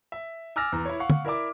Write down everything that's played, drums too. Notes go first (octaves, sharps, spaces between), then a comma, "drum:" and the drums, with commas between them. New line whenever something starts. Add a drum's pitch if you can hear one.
E5
G#5 D6 E6 F6 A6 A#6
E2 A#5
E4 C#5
F5 F#5 C#6
drum: tom
E4 A#4 D5 E5 D6